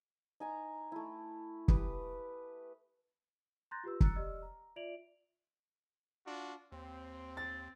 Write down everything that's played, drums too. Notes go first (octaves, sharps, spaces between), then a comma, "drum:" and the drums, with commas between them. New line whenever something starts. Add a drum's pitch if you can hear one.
D#4 G#5 A#5
A3 E4
G4 B4 D#6, drum: kick
A#5 C6 F#6 G6 A6 A#6
F4 G4 B4 E6
A#5 E6 F#6 A6 C#7, drum: kick
G4 D5 D#5 E6 F6
A#5
F4 D5 E5 D7 F7 F#7
D4 F4 F#4
D#2 C4
A6